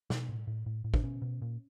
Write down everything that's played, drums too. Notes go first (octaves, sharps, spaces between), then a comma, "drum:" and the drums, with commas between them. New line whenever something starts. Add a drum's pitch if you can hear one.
B2, drum: snare
A2
A2
A2
A2
D4, drum: kick
B2 C#4
B2
A#2